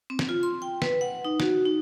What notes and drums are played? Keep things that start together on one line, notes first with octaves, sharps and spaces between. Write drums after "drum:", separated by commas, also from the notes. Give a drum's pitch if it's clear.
C4
drum: snare
F4
C6
G5
B4, drum: snare
F#5
D#4
F#4, drum: snare
D#4